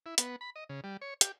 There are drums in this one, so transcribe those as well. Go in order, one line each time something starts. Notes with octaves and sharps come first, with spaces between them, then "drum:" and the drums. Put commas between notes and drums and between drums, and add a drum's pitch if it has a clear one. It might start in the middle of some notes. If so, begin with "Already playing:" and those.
E4
B3, drum: hi-hat
B5
D#5
C#3
G3
C#5
G4, drum: hi-hat